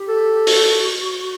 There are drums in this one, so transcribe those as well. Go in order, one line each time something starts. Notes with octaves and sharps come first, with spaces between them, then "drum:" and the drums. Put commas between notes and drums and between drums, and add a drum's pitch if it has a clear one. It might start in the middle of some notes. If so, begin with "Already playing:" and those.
Already playing: G4
A4
F#4, drum: open hi-hat